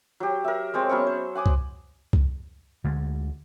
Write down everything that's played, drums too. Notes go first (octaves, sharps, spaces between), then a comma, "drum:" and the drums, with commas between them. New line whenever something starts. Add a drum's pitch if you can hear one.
F#3 G4
A#4 E5
G#3 C4 C#5
F#3 B3 C#4 C#6
C5
F#5 G#5 D6 D#6
drum: kick C2
drum: kick C2
D2 D3 G#3